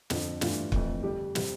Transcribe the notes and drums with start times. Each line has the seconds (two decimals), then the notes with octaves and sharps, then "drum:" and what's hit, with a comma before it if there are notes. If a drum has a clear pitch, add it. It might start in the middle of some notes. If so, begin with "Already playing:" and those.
0.10 F2 D3 F3, drum: snare
0.41 G2 E3 A3 D4 F4, drum: snare
0.72 F2 E3 A3, drum: kick
1.03 D3 G3 D4 G4
1.35 C3 G3 C4, drum: snare